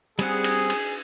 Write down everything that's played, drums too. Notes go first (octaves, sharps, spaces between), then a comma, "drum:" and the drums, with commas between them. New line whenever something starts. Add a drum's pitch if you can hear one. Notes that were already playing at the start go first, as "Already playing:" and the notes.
G3 C4 G#4 F#5, drum: cymbal
drum: cymbal
drum: cymbal